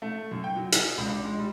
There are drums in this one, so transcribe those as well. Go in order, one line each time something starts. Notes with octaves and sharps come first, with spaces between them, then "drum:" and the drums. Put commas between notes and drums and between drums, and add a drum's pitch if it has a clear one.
A3
F#2
G5
F#3
G#4, drum: hi-hat
C#2
D4
G#3
G3